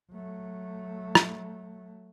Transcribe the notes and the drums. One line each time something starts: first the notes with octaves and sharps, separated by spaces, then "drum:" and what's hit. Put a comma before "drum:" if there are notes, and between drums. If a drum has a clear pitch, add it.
F#3 A3
drum: rim click